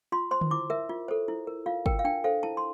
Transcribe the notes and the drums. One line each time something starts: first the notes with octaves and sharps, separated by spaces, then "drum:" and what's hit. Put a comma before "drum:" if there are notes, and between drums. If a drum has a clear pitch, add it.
F4 C6
C5 C6
drum: tom D3
E4 D6
A#4 E5
F4
A4 C5
E4
A#4
F4 F5
A#4 G5, drum: kick
F5
D4 G5
A4 C5 F5
E4 A5
C6